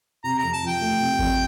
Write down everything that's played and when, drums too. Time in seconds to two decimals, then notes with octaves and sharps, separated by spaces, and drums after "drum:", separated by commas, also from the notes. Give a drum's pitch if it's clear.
0.24 C3 A#5
0.39 F2 A#5
0.53 A5
0.63 F3 G5
0.81 A3
1.00 C3
1.19 F2, drum: kick G#1